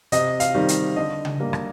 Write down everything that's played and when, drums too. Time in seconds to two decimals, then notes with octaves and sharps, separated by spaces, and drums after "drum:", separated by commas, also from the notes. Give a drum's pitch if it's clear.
0.12 C3 D#5, drum: hi-hat
0.40 F5, drum: hi-hat
0.54 D#3 G3 C4
0.68 drum: hi-hat
0.96 D3 D#5
1.25 drum: tom C#3
1.39 G3 A#3
1.53 drum: rim click